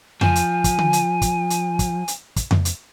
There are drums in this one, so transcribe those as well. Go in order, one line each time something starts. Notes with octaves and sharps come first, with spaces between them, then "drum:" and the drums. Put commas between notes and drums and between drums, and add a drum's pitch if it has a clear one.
F3 G#5, drum: tom F2
drum: hi-hat
drum: kick, hi-hat
drum: tom D3
drum: hi-hat
drum: kick, hi-hat
drum: hi-hat
drum: kick, hi-hat
drum: hi-hat
drum: kick, hi-hat
drum: tom F2
drum: hi-hat